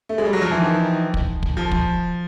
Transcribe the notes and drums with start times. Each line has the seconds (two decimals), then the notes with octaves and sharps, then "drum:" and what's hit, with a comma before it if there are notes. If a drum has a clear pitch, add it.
0.09 A3
0.18 G#3
0.25 G3
0.33 F#3
0.42 F3
0.51 E3
0.61 D#3
1.14 drum: kick
1.43 drum: kick
1.57 F3
1.71 drum: kick